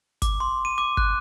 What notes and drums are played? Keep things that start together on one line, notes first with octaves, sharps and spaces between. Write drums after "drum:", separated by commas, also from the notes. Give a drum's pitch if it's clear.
D6, drum: kick, hi-hat
C6
D#7
D6
F#6, drum: kick